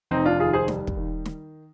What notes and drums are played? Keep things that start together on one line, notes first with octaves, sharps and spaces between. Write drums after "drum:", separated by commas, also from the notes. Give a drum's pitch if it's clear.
F1 C4 D#4
D4 F4
D#2 F4 G#4
G#4 C5
G3, drum: snare
drum: kick
D#3
drum: snare